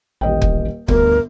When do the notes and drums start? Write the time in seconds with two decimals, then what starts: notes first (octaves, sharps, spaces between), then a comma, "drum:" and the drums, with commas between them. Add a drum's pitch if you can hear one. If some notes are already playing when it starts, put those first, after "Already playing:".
0.21 D#1 A1 D#5 G5
0.42 drum: kick
0.88 G1 D2 A#4, drum: kick